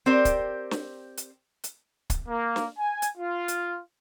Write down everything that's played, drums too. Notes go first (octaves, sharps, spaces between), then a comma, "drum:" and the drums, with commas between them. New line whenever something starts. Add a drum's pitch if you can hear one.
C4 G4 A#4 C5 D5
drum: kick, hi-hat
drum: snare
drum: hi-hat
drum: hi-hat
drum: kick, hi-hat
A#3
drum: snare
G#5
drum: hi-hat
F4
drum: hi-hat